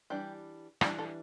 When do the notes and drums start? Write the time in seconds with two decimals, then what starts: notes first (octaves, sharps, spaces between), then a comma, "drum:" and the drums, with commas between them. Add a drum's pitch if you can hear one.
0.10 E3 G3 D4 G4
0.81 E3 G3 D4, drum: rim click
0.99 A4